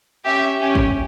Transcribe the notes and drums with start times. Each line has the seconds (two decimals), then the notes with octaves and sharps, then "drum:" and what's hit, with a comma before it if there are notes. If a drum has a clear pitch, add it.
0.25 C#4 G4 E5
0.59 C#4 G4
0.75 drum: kick